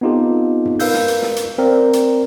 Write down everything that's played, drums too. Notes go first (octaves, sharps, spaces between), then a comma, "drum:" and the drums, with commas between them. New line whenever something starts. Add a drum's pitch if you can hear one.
B3 C4 D#4 F4 G4 A4
drum: tom F#2
A#4 B4 F5 E6 G6, drum: open hi-hat
drum: snare
drum: hi-hat
drum: snare
drum: hi-hat
C4 A#4 D5
drum: hi-hat